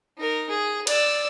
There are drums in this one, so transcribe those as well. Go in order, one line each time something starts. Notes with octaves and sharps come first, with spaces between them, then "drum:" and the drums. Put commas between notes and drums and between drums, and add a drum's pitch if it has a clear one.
D#4 A#4
G#4
D5 E6, drum: cymbal